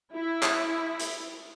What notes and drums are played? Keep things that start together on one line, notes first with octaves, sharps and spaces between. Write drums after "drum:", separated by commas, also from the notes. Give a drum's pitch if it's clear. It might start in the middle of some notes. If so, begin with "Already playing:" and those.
E4
drum: clap
drum: hi-hat